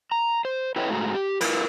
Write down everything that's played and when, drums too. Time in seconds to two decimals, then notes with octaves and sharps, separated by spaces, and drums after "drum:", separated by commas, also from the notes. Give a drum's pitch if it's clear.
0.12 A#5
0.45 C5
0.76 E4 A4 B4 C#5 D#5 G5
0.89 G#2 A3 F#4 G#4 A#5
1.15 G4
1.41 E4 F4 A#4 B4, drum: cymbal